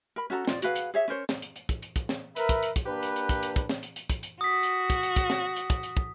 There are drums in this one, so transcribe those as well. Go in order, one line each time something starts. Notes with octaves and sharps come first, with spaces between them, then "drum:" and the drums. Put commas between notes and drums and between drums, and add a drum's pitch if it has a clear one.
A#4 B5
C#4 F#4 A4 A#5
F4 D5, drum: snare
F#4 G#4 B4 F5, drum: hi-hat
drum: hi-hat
G#4 C#5 E5
C#4 A#4 C5 C#5
drum: snare
drum: hi-hat
drum: hi-hat
drum: kick, hi-hat
drum: hi-hat
drum: kick, hi-hat
drum: snare
A#4 B4 E5, drum: hi-hat
drum: kick, hi-hat
drum: hi-hat
drum: kick, hi-hat
A#3 D4 G4 B4
drum: hi-hat
drum: hi-hat
drum: kick, hi-hat
drum: hi-hat
drum: kick, hi-hat
drum: snare
drum: hi-hat
drum: hi-hat
drum: kick, hi-hat
drum: hi-hat
F#4 D#6 B6
drum: hi-hat
drum: kick, hi-hat
drum: hi-hat
drum: kick, hi-hat
drum: snare
drum: hi-hat
drum: kick, hi-hat
drum: hi-hat
drum: kick